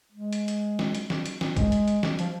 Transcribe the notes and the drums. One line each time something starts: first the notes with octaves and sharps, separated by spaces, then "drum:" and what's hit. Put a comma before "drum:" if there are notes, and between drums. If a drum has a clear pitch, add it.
G#3
drum: hi-hat
drum: hi-hat
drum: snare
drum: hi-hat
drum: snare
drum: hi-hat
drum: snare
G#3, drum: kick, hi-hat
drum: hi-hat
drum: hi-hat
drum: snare
F3, drum: hi-hat